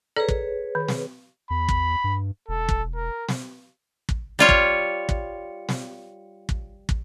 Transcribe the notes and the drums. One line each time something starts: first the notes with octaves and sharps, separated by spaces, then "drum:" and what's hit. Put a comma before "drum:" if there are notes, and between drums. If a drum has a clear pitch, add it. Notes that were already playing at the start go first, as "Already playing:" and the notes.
G#4 A4 B4 C#5 D5 A#5
drum: kick
D#3
drum: snare
E2 B5
drum: kick
G2
E1 A4
drum: kick
A#4
drum: snare
drum: kick
G3 F4 C#5
drum: kick
drum: kick
drum: snare
drum: kick
drum: kick